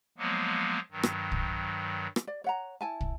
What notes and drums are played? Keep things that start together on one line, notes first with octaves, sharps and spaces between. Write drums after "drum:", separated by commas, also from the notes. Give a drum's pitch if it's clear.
F3 F#3 G#3 A#3 B3
G2 D#3 F#3
drum: rim click
drum: kick
drum: rim click
D5
C#5 F#5 A#5
E4 G#5 A5
drum: kick